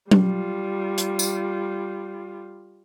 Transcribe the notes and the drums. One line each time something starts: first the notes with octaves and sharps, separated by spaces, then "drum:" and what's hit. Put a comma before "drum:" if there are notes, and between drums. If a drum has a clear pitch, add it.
G3 F4, drum: tom F#3
drum: hi-hat
drum: tambourine